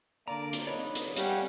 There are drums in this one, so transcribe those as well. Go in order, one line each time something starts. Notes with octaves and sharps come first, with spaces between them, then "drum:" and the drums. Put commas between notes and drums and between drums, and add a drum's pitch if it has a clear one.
D3 A#3 D5 A#5
drum: hi-hat
D#4 B4 C#5 D5
drum: hi-hat
G3 C#4 G4 F5 F#5, drum: hi-hat